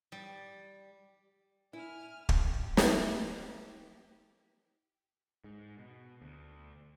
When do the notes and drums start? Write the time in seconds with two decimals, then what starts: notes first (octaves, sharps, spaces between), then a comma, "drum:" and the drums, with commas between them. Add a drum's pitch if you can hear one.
0.12 G3
1.73 E4 G#5 F6
2.29 G4, drum: kick
2.77 drum: snare
5.44 G#2
5.78 B2
6.22 D2